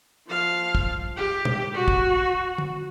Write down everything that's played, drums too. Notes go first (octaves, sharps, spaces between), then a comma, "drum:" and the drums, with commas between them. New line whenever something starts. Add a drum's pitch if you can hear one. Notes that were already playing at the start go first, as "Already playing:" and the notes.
F3 F5
drum: kick
G4
drum: tom A#2
F#4
drum: kick
drum: tom